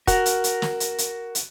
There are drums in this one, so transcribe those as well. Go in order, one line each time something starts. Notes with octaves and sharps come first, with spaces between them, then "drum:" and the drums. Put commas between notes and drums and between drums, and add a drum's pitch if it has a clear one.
F#4 A#4, drum: kick, hi-hat
drum: hi-hat
drum: hi-hat
drum: snare
drum: hi-hat
drum: hi-hat
drum: hi-hat